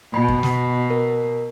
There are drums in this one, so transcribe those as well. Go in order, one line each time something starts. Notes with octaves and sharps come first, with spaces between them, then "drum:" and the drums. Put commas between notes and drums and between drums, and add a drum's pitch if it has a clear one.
B2 B5
drum: kick F#2
drum: snare
A#4